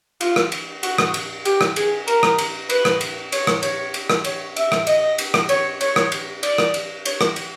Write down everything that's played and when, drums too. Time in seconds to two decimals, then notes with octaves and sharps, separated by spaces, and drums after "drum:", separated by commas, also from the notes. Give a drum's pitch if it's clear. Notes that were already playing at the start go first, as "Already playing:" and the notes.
0.21 F4, drum: cymbal
0.36 drum: rim click
0.52 drum: cymbal
0.83 F#4, drum: cymbal
0.98 drum: rim click
1.14 drum: cymbal
1.45 G4, drum: cymbal
1.61 drum: rim click
1.76 G#4, drum: cymbal
2.08 A#4, drum: cymbal
2.23 drum: rim click
2.38 drum: cymbal
2.70 B4, drum: cymbal
2.85 drum: rim click
3.01 drum: cymbal
3.32 C#5, drum: cymbal
3.47 drum: rim click
3.63 C#5, drum: cymbal
3.94 drum: cymbal
4.10 drum: rim click
4.24 C#5, drum: cymbal
4.57 E5, drum: cymbal
4.72 drum: rim click
4.87 D#5, drum: cymbal
5.18 drum: cymbal
5.34 drum: rim click
5.49 C#5, drum: cymbal
5.81 C#5, drum: cymbal
5.96 drum: rim click
6.12 drum: cymbal
6.43 D5, drum: cymbal
6.58 drum: rim click
6.74 drum: cymbal
7.05 C#5, drum: cymbal
7.21 drum: rim click
7.36 drum: cymbal